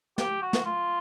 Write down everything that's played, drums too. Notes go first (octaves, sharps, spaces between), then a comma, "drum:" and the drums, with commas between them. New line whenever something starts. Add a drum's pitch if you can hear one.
G4, drum: snare
F#4
drum: snare
F4